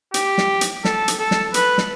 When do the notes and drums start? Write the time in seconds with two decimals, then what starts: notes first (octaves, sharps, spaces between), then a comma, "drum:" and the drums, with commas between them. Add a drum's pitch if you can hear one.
0.14 G4, drum: hi-hat
0.38 drum: snare
0.61 drum: hi-hat
0.85 A4, drum: snare
1.08 drum: hi-hat
1.19 A4
1.31 drum: snare
1.54 B4, drum: hi-hat
1.78 drum: snare